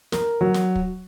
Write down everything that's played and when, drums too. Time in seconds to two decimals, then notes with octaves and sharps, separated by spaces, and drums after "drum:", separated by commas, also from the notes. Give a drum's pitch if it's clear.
0.12 A#4, drum: snare
0.41 F#3
0.54 drum: snare
0.75 drum: kick